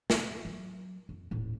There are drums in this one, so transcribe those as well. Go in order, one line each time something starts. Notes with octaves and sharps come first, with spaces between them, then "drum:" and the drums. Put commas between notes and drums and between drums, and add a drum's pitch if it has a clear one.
B3, drum: snare
F#3
F2
D#1 A2